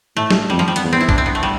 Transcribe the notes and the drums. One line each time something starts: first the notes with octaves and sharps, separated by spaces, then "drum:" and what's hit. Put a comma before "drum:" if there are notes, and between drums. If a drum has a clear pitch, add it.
A2 A3
drum: snare
F2 G3
F3
G3
B3, drum: hi-hat
E2
C4
E4
D4, drum: kick
C4
B3
A3
G3